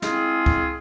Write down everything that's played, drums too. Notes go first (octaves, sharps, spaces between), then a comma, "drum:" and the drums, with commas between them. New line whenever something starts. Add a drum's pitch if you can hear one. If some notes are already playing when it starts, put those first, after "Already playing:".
G#3 C4 E4 F4 G#4, drum: snare
drum: kick C2